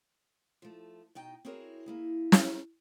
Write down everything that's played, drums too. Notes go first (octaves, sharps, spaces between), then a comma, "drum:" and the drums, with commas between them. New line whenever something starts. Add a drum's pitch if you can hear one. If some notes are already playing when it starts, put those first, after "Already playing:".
F3 A3
B2 D#4 G5
C4 E4 F#4 G#4 A#4 C#5
A#3 E4 G#4
drum: snare